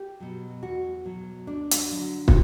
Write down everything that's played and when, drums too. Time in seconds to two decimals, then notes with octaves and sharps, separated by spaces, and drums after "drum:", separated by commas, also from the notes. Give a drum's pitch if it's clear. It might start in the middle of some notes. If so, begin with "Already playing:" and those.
Already playing: G4
0.20 B2 F#3
0.63 E2 F#4
1.05 B2 F#3
1.47 D2 D4
1.71 drum: hi-hat
1.90 D3 F#3
2.28 F#4, drum: kick